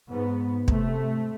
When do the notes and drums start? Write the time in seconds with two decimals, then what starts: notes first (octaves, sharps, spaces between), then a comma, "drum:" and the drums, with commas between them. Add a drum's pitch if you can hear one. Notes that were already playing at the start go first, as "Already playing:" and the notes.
0.10 G#2 B3
0.68 C3 A3, drum: kick